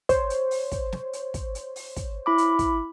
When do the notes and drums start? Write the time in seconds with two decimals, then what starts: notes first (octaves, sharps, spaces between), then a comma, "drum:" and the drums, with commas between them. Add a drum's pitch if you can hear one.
0.09 C5 C#5, drum: kick, hi-hat
0.30 drum: hi-hat
0.51 drum: open hi-hat
0.72 drum: kick, hi-hat
0.92 drum: snare
1.13 drum: hi-hat
1.34 drum: kick, hi-hat
1.55 drum: hi-hat
1.76 drum: open hi-hat
1.96 drum: kick, hi-hat
2.26 E4 B5 D6
2.38 drum: hi-hat
2.59 drum: kick, hi-hat